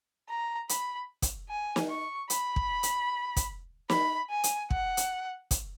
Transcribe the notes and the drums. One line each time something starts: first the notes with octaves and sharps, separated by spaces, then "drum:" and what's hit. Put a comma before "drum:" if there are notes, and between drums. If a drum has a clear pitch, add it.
A#5
B5, drum: hi-hat
drum: kick, hi-hat
G#5
drum: snare
C#6
B5, drum: hi-hat
drum: kick
drum: hi-hat
drum: kick, hi-hat
B5, drum: snare
G#5
drum: hi-hat
F#5, drum: kick
drum: hi-hat
drum: kick, hi-hat